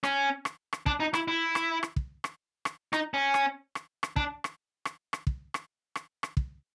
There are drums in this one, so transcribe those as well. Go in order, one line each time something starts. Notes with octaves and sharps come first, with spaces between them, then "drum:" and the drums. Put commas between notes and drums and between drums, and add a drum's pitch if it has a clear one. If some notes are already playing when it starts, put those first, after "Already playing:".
C#4, drum: rim click
drum: rim click
drum: rim click
D4, drum: kick
D#4
E4, drum: rim click
E4
drum: rim click
drum: rim click
drum: kick
drum: rim click
drum: rim click
D#4, drum: rim click
C#4
drum: rim click
drum: rim click
drum: rim click
D4, drum: kick
drum: rim click
drum: rim click
drum: rim click
drum: kick
drum: rim click
drum: rim click
drum: rim click
drum: kick